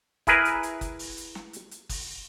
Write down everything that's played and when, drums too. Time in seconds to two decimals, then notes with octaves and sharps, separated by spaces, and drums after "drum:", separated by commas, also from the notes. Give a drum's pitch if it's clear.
0.27 E4 G#4 A#4 B4, drum: kick F#1, hi-hat
0.45 drum: hi-hat
0.63 drum: hi-hat
0.81 drum: kick F#1, hi-hat
0.99 drum: open hi-hat
1.17 drum: hi-hat
1.35 drum: snare
1.53 drum: hi-hat
1.71 drum: hi-hat
1.89 drum: kick F#1, open hi-hat